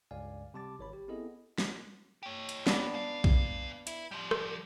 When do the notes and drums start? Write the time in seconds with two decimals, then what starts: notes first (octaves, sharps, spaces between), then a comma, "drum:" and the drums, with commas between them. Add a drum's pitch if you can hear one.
0.11 C#2 G2 D5 F5 G#5
0.54 C3 G3 A5 D6 A6
0.79 G#1 C#5 B5
0.93 G4
1.08 B3 C4 E4 G#4 A4 D#5
1.58 drum: snare
2.23 G4 C#5
2.49 drum: hi-hat
2.67 B3 D4, drum: snare
2.94 A#2 F5
3.24 drum: kick B1
3.87 E4, drum: hi-hat
4.11 F3 G3
4.31 drum: rim click